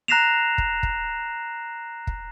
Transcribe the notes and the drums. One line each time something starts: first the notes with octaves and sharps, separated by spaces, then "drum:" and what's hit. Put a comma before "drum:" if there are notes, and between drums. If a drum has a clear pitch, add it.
A#5 F#6 A#6 C7 E7 F7
drum: kick
drum: kick
drum: kick